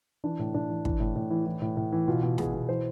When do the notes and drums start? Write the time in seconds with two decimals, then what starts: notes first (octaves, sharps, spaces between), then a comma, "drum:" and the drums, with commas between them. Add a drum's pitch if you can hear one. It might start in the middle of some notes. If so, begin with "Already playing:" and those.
0.24 E3 D4
0.39 A2
0.54 A2 D4
0.70 E3
0.85 E3, drum: kick
1.00 A2
1.16 A2
1.31 E3
1.46 E3
1.62 A2
1.77 A2
1.92 E3
2.08 B2 F4
2.23 B2
2.38 B2 G#4, drum: snare
2.54 B2
2.69 E3 C5